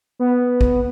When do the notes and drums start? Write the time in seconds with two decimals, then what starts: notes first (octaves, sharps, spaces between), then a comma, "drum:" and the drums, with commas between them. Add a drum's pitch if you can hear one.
0.19 B3
0.61 drum: kick A1